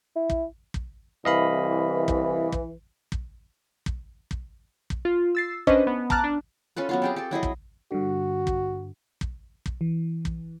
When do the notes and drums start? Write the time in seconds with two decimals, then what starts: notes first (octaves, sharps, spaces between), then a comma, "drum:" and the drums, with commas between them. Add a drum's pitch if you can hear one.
0.16 E4
0.30 drum: kick
0.74 drum: kick
1.25 C2 E3 D#5 F5 B5
2.08 drum: kick
2.52 drum: kick
3.12 drum: kick
3.86 drum: kick
4.31 drum: kick
4.90 drum: kick
5.05 F4
5.35 E6 A6 C7
5.67 C#4 D4 B4 C5 D#5, drum: kick
5.87 B3
6.10 A5 A#5 D6 F6 F#6 A6, drum: kick
6.24 D4
6.76 C#4 F4 A4 B4
6.89 F#3 B3 F4
7.02 C4 G4 G#4
7.16 G4 A4
7.31 F#3 E4 G#4 D#5
7.43 drum: kick
7.92 G2 D3 F#4
8.47 drum: kick
9.21 drum: kick
9.66 drum: kick
9.81 E3
10.25 drum: kick